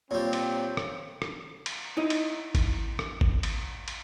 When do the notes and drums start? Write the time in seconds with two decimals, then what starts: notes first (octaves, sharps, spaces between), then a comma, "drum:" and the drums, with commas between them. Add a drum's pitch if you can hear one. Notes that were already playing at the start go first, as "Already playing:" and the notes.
0.11 A#2 G3 C4 C#5
0.33 drum: cymbal
0.77 drum: rim click
1.22 drum: rim click
1.66 drum: cymbal
1.97 D#4 E4 D#5
2.10 drum: cymbal
2.55 drum: kick G#1, cymbal
2.99 drum: rim click
3.21 drum: kick G#1
3.43 drum: cymbal
3.88 drum: cymbal